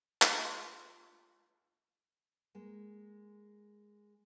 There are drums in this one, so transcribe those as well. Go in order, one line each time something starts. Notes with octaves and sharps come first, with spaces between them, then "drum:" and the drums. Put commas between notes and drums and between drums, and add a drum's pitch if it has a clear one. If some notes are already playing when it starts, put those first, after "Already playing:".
F4, drum: clap
C6
G#3 A#3